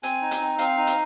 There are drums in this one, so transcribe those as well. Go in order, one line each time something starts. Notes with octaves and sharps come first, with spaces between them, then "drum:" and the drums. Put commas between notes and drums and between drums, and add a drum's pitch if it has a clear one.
C4 G#5, drum: hi-hat
D#4
drum: hi-hat
C4
C4 F5, drum: hi-hat
D#4
drum: hi-hat